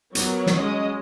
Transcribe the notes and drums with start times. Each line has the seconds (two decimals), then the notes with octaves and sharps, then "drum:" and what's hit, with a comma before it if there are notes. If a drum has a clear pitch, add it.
0.15 F#3 B3 A#4, drum: hi-hat
0.47 drum: snare
0.56 F#3 G#3 C#4 D#5